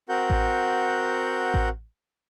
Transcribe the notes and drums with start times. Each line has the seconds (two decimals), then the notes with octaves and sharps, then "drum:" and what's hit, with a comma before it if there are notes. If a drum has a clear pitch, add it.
0.09 C4 F#4 A#4 F#5 G6
0.30 drum: kick A1
1.54 drum: kick A1